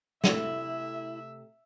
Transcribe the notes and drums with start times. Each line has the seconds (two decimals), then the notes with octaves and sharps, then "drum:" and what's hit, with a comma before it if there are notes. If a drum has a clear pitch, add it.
0.24 C3 A3 E4 E5, drum: snare